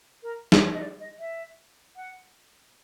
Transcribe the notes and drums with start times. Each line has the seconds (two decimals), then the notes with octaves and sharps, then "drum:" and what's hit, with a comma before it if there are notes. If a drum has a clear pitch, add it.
0.23 A#4
0.52 C5, drum: snare
0.74 D#5
0.81 D5
1.00 D#5
1.19 E5
1.96 F#5